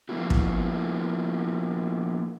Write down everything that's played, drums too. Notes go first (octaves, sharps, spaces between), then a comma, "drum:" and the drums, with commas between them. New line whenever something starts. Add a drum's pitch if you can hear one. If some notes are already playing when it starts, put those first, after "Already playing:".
F3 A#3 B3 E4 F#4
drum: kick